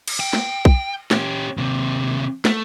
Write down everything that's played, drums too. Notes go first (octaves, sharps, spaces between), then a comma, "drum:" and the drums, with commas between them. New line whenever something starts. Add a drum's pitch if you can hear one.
drum: cymbal
G5
drum: snare
drum: kick B1
C#4 G4, drum: snare
D#2 C3
A3, drum: snare